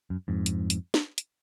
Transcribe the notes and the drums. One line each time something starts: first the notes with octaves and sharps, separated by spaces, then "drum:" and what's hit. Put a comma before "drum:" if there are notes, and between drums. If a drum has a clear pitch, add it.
F#2
F2 G#2
drum: hi-hat
drum: hi-hat
drum: snare
drum: hi-hat